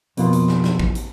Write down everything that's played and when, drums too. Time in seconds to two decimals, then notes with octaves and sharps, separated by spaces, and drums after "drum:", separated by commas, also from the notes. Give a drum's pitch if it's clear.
0.17 F2 B2 A#3 F4, drum: hi-hat
0.33 drum: hi-hat
0.48 drum: snare
0.64 drum: snare
0.79 drum: kick
0.95 drum: hi-hat